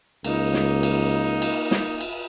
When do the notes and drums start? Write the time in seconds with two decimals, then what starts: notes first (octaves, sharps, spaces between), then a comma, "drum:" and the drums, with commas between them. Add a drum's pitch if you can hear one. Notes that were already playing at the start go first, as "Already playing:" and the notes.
0.24 C#2 A#3 D#4, drum: cymbal
0.54 drum: snare
0.83 drum: cymbal
1.42 drum: cymbal
1.71 drum: snare
2.01 drum: cymbal